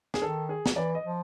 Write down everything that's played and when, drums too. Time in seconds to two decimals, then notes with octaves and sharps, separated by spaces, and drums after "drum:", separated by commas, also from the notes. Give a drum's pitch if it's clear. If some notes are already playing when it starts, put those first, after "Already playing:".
0.14 G#4, drum: snare
0.21 D#3 A4
0.49 G#4
0.66 drum: snare
0.76 E3 D5
0.95 D#5
1.04 F3